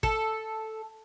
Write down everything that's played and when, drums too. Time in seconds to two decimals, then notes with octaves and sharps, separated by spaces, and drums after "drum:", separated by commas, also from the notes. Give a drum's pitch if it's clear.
0.03 A4, drum: kick